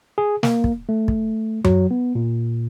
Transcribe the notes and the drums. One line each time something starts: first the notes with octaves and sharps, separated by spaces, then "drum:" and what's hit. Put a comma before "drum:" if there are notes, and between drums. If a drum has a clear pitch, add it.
G#4
A#3, drum: snare
drum: kick
A3
drum: kick
F#3, drum: tom F#2
B3
A#2